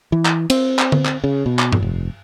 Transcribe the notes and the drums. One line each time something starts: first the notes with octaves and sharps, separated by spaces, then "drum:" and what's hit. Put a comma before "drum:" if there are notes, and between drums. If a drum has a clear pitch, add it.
E3
drum: clap
C4, drum: cymbal
drum: clap
drum: tom D3
drum: clap
C#3
B2
drum: clap
drum: tom G2
F1